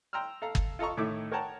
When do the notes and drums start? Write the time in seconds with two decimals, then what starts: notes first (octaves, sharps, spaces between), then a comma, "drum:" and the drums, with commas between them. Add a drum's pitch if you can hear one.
0.13 G5 A#5 C6 E6 F6
0.42 A4 F5 A#5
0.55 drum: kick
0.79 F4 A4 D#5 A#5 C#6
0.97 A2 D#3 A3 E4 E5 D6
1.32 A#4 C#5 F#5 G5 A5 A#5